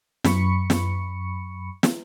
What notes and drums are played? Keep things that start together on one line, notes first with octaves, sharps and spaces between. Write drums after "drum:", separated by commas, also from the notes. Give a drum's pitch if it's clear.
F#2 B5 C#6 C#7, drum: snare
drum: snare
drum: snare